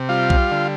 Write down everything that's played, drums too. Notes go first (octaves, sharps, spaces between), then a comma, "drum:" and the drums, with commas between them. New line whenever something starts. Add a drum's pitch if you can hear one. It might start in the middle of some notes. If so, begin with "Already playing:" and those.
Already playing: C3
G3 F4 F5
drum: kick B1
D3